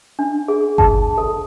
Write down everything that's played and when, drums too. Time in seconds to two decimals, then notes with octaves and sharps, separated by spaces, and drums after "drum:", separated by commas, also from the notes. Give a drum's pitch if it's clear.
0.19 D4
0.48 G#4
0.78 A5, drum: kick G1
1.18 A4